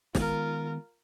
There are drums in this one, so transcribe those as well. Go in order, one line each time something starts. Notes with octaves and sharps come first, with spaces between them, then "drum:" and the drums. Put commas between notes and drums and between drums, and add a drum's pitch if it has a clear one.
D#3 G#3 B3 F4 A#4, drum: snare